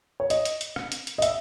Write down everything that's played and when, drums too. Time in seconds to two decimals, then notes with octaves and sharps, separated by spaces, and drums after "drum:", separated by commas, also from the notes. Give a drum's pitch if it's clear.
0.20 C#5
0.30 D#5, drum: hi-hat
0.45 drum: hi-hat
0.61 drum: hi-hat
0.76 drum: rim click
0.92 drum: hi-hat
1.07 drum: hi-hat
1.18 D#5
1.22 E5, drum: hi-hat